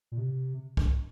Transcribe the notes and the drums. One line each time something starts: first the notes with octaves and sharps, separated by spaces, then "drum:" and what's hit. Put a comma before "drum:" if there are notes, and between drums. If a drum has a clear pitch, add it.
A#2
C3
drum: kick